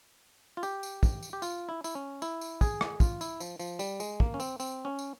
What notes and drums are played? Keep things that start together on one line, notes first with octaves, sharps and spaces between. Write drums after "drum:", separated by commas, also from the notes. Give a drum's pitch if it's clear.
F4
G4, drum: tambourine
drum: tambourine
drum: kick, tambourine
drum: tambourine
G4
F4, drum: tambourine
E4
E4, drum: tambourine
C#4
E4, drum: tambourine
drum: tambourine
G#4, drum: kick, tambourine
drum: rim click
F4, drum: kick, tambourine
E4, drum: tambourine
F3, drum: tambourine
F3, drum: tambourine
G3, drum: tambourine
G#3, drum: tambourine
A#3, drum: kick
C#4
C4, drum: tambourine
C4, drum: tambourine
C#4
drum: tambourine